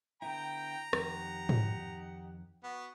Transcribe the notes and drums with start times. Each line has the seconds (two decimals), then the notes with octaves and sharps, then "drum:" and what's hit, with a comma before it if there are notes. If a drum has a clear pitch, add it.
0.22 D3 B3 E4 G5 A#5
0.93 F2 D#3 D#4 G4 F#5, drum: rim click
1.49 drum: tom G#2
2.64 B3 F#4